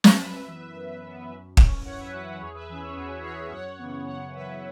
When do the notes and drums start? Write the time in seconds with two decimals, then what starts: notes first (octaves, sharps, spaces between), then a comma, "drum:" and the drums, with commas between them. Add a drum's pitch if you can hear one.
0.04 drum: snare
0.19 F#2 B4 E5
0.47 E3 B3
0.75 F#2
1.02 E3 B3
1.30 F#2
1.57 E3 C#4, drum: kick
1.85 F#2 C#5 F#5
1.99 B4 E5
2.12 E3 C#4 F#4 B4
2.40 E2 G#4 C#5
2.54 B4 E5
2.68 E3 C#4 B4 E5
2.81 G#4 C#5
2.96 E2 F#4 B4
3.23 E3 C#4 G#4 C#5
3.51 F#2 C#5 F#5
3.79 C#3 E3 B3
4.06 F#2 C#5 F#5
4.33 C#3 E3 B3 B4 E5